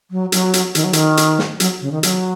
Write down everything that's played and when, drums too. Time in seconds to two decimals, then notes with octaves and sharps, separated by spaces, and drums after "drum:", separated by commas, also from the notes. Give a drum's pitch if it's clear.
0.11 F#3
0.32 F#3, drum: hi-hat
0.53 drum: hi-hat
0.75 D#3, drum: hi-hat
0.84 F#3
0.93 D#3, drum: hi-hat
1.17 drum: hi-hat
1.39 drum: snare
1.60 F#3, drum: hi-hat
1.81 C#3
1.92 D#3
2.03 F#3, drum: hi-hat